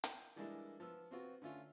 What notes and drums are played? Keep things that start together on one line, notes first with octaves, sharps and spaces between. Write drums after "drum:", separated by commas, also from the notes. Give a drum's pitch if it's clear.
G5, drum: hi-hat
E3 G3 G#3 A#3 D4 E4
F3 B3 E6
B3 C4 F4 F#4
D3 A3 C#4 F4